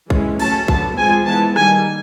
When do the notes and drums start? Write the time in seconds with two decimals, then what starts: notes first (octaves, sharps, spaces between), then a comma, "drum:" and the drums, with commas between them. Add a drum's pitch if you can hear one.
0.10 E3 G#3 C#4, drum: kick
0.40 F#3 A3 C#4 A5, drum: cymbal
0.68 D3 F#3 B3 A5, drum: kick
0.98 F3 G#3 C4 G#5
1.27 E3 G#3 B3 A5
1.56 D#3 G3 A#3 G#5, drum: rim click